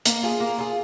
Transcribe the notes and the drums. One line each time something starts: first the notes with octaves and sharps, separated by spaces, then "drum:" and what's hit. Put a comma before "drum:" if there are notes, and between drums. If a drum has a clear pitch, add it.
A#3, drum: hi-hat
F4 G#4
A#3
F4 G#4